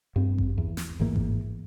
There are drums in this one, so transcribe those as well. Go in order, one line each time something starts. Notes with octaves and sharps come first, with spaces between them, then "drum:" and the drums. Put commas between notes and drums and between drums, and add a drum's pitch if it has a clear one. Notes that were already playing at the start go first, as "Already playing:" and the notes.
G2 C4
drum: kick G#1
E2
drum: snare
A1 G#2 E3 A#3
drum: kick G#1